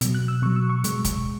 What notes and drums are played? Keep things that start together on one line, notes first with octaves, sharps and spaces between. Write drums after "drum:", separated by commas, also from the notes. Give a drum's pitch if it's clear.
B2 F#3, drum: hi-hat
F#6
E6
B2 F#3 C#6
E6
C#6
B2 G#3, drum: hi-hat
drum: kick, hi-hat